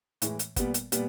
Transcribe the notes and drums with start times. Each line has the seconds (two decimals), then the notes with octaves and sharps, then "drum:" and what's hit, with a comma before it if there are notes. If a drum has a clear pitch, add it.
0.22 A2 E3 G#3, drum: hi-hat
0.39 drum: hi-hat
0.56 A#2 G3 B3, drum: kick, hi-hat
0.74 drum: hi-hat
0.92 A#2 G3 B3, drum: hi-hat